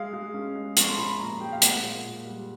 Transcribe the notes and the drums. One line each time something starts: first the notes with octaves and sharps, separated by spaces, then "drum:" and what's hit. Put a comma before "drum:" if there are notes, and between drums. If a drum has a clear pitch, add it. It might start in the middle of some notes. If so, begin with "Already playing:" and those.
Already playing: G#3 F5
G#3
C#4
G#3
F3 C#6, drum: hi-hat
C6
F3 B5
A#2 A#5
G#3 G5
F5
A#2 F#5, drum: hi-hat
A#2
A#2
G3